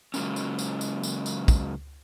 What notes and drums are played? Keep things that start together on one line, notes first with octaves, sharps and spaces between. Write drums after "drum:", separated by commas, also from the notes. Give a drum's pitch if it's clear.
C#3 F#3 G#3 A#3 C#4, drum: tambourine
drum: tambourine
drum: tambourine
drum: tambourine
drum: tambourine
drum: tambourine
drum: kick, tambourine